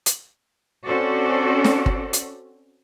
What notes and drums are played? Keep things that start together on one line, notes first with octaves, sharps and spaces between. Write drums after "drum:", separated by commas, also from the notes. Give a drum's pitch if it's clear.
drum: hi-hat
C4 C#4 F#4 A4 C5 D5
drum: snare
drum: kick G1
drum: hi-hat